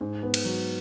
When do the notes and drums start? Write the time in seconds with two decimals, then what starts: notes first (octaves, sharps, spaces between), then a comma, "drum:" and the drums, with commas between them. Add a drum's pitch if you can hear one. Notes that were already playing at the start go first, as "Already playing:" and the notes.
0.01 G#2
0.23 B3
0.34 drum: cymbal
0.45 F#3